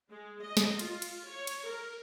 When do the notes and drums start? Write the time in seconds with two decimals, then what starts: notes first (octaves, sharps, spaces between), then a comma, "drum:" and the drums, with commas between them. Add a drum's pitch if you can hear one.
0.11 G#3
0.42 D#5
0.57 drum: snare
0.79 F4, drum: cymbal
1.02 drum: cymbal
1.28 C#5
1.47 drum: cymbal
1.66 A#4